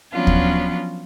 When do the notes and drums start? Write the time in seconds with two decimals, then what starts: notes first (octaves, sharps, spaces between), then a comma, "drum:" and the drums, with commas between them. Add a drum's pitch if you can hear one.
0.12 F3 F#3 B3 C#4 D4 F4
0.27 drum: kick